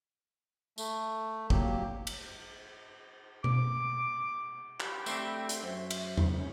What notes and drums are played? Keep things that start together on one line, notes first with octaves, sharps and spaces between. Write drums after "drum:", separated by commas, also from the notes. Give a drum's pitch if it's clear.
A3, drum: tambourine
F#3 A#3 G4, drum: kick
drum: cymbal
D6, drum: tom B2
G4 F#5 B5, drum: clap
A3 C4 D4, drum: tambourine
drum: hi-hat
F#2 F#4 C5 E5
drum: cymbal
drum: tom E2
C#4